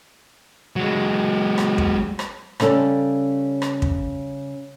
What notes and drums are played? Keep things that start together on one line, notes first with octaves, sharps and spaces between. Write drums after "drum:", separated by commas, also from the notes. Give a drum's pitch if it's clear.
F#3 G#3
drum: rim click
drum: kick
drum: rim click
C#3 G3 C#4 A4, drum: rim click
drum: rim click
drum: kick